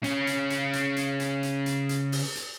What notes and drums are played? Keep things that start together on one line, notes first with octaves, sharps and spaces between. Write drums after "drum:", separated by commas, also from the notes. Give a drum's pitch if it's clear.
C#3 C#4, drum: hi-hat
drum: hi-hat
drum: hi-hat
drum: hi-hat
drum: hi-hat
drum: hi-hat
drum: hi-hat
drum: hi-hat
drum: hi-hat
drum: open hi-hat
drum: hi-hat